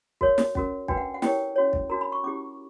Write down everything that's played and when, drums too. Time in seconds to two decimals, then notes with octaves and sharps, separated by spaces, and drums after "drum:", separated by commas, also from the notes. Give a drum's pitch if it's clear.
0.21 F#4 A#4 C#5, drum: kick
0.38 drum: snare
0.55 C#4 F#4 A#4, drum: kick
0.88 D4 F#4 B4 G5, drum: kick
0.97 F#5
1.14 F#5
1.22 E4 G4 A#4 C#5 G5, drum: snare
1.56 C#4 F#4 C#5
1.73 drum: kick
1.89 D4 F#4 A#4 A#5
2.01 B5
2.12 C#6
2.24 C#4 E4 G4 D6